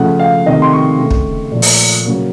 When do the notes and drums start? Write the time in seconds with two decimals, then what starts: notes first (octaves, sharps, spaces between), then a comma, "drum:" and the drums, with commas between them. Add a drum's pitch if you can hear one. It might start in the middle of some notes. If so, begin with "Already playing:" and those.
Already playing: C#3 F3 A3 F#5
0.19 F5
0.46 C3 D#3 A3 D#5
0.62 C6
0.73 C#6
0.99 C#3 A3
1.11 drum: kick
1.52 A#2 F3 A3
1.62 drum: open hi-hat
2.05 C#3 F#3 A#3